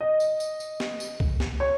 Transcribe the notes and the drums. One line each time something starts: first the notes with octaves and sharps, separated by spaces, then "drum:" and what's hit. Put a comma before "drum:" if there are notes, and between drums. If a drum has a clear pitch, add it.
D#5
drum: tambourine
drum: tambourine
drum: tambourine
drum: snare
drum: tambourine
drum: kick C2
drum: snare
C#5